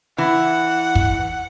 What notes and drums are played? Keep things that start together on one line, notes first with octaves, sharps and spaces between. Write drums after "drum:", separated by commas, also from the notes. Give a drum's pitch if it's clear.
E3 F#5
drum: kick